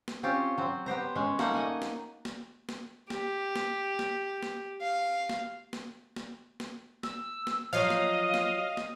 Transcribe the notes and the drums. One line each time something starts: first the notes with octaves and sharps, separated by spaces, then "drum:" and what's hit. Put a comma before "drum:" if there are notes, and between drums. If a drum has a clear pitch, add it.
drum: snare
C4 C#4 F4 G4
F#3 C4
B3 G4 C5 A#5
G#3 C#4
G3 A3 A#3 D#4 F#5, drum: snare
D#5 F#5 G#5
drum: snare
drum: snare
drum: snare
G4, drum: snare
drum: snare
drum: snare
drum: snare
F5
drum: snare
drum: snare
drum: snare
drum: snare
E6, drum: snare
drum: snare
F3 F#3 F#4 D#5 F5
drum: snare
drum: snare
drum: snare